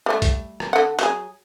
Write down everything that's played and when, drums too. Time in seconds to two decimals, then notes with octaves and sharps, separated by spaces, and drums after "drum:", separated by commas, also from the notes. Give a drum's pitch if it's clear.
0.06 G3 A3
0.22 drum: kick B1, hi-hat
0.60 drum: rim click
0.73 D3 F#5
0.99 F#3 G#4, drum: hi-hat